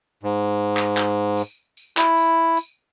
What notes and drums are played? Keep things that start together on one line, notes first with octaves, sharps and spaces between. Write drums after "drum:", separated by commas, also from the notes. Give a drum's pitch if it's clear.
G#2
drum: clap
drum: clap
drum: tambourine
drum: tambourine
E4, drum: clap
drum: tambourine
drum: tambourine